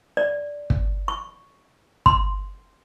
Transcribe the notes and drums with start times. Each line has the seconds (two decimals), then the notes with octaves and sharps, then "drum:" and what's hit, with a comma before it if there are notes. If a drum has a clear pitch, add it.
0.17 D5
0.70 drum: kick
1.08 C#6
2.06 C6, drum: kick